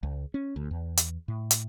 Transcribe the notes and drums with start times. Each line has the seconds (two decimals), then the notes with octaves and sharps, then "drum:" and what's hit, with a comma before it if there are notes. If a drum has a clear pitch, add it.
0.03 C#2
0.34 C#4
0.56 D2
0.71 E2
0.97 drum: hi-hat
1.28 A2
1.51 drum: hi-hat